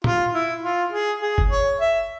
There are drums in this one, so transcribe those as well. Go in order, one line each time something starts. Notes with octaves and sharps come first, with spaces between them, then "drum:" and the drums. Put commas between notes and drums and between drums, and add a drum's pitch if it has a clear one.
F4, drum: tom
E4
F4
G#4
G#4
drum: kick G1
C#5
E5